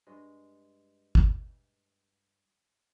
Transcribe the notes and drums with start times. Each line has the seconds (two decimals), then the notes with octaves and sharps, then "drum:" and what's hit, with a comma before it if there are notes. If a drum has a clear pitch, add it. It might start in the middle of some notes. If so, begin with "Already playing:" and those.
0.07 G2 G#3
1.15 drum: kick